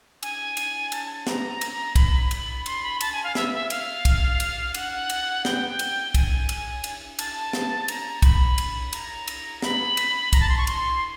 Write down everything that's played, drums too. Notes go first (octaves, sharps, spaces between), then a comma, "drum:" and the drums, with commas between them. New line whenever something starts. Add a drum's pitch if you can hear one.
G#5, drum: cymbal
drum: cymbal
A5, drum: cymbal
A#5, drum: snare
drum: cymbal
B5, drum: kick, cymbal
drum: cymbal
C6, drum: cymbal
B5
A5, drum: cymbal
G#5
F5
E5, drum: snare
E5
F5, drum: cymbal
drum: kick, cymbal
drum: cymbal
F#5, drum: cymbal
drum: cymbal
G5, drum: snare
drum: cymbal
G#5, drum: kick, cymbal
drum: cymbal
drum: cymbal
A5, drum: cymbal
drum: snare
A#5, drum: cymbal
B5, drum: kick, cymbal
drum: cymbal
A#5, drum: cymbal
drum: cymbal
B5, drum: snare
drum: cymbal
A#5, drum: kick, cymbal
A5
C6
C#6
C6, drum: cymbal